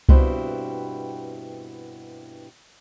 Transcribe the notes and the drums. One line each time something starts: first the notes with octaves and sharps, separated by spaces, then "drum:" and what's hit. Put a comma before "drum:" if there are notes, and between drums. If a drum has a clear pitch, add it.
G2 B2 C4 E4, drum: kick C2